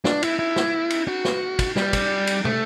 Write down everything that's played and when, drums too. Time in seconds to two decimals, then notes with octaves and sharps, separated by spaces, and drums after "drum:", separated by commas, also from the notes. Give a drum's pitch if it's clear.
0.05 D4, drum: snare
0.23 E4, drum: cymbal
0.39 E4
0.56 drum: snare
0.90 drum: cymbal
1.08 F#4
1.25 drum: snare
1.59 drum: kick, cymbal
1.76 G3, drum: snare
1.93 drum: kick, cymbal
2.27 drum: cymbal
2.45 A3, drum: tom